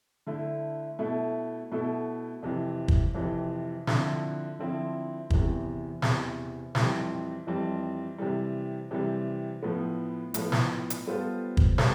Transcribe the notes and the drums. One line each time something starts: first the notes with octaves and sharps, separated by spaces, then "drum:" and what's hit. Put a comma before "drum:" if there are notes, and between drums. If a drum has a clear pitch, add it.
D3 A3 E4
B2 A3 E4 A4
B2 A3 E4 A4
F2 C3 E3
drum: kick
F2 C3 E3
D3 F3 C4 E4, drum: snare
D3 F3 C4 E4
E2 C3 E3, drum: kick
E2 C3 E3, drum: snare
F2 E3 G3 C4, drum: snare
F2 E3 G3 C4
C3 E3 G3
C3 E3 G3
A2 F3 B3
A2 F3 B3, drum: hi-hat
drum: snare
drum: hi-hat
G3 B3 F4 A4 C5
drum: kick
G3 B3 F4 A4 C5, drum: snare